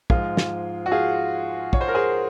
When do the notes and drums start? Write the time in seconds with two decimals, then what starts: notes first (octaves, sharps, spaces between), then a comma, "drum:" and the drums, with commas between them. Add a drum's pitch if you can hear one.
0.10 G#2 F3 G#3 F4, drum: kick
0.37 drum: snare
0.86 F#4
0.91 F4 G#4
1.73 C#5, drum: kick
1.81 C5
1.88 A#4
1.94 G#4 C5